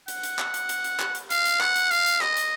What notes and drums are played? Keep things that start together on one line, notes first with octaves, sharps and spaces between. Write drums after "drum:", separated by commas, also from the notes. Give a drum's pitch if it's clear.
F#5, drum: hi-hat
drum: hi-hat
drum: clap
drum: hi-hat
drum: hi-hat
drum: hi-hat
drum: clap
drum: hi-hat
F5, drum: hi-hat
drum: hi-hat
F#5, drum: clap
drum: hi-hat
F5, drum: hi-hat
drum: hi-hat
D#5, drum: clap
drum: hi-hat